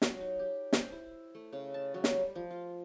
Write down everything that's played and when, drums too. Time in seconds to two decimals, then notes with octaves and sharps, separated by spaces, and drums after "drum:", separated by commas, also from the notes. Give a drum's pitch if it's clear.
0.02 F#3, drum: snare
0.21 D#4
0.39 G4
0.73 C5, drum: snare
0.92 E4
1.35 A3
1.53 C#3
1.74 A5
1.94 F#3
2.04 drum: snare
2.14 G3
2.35 F3
2.50 F4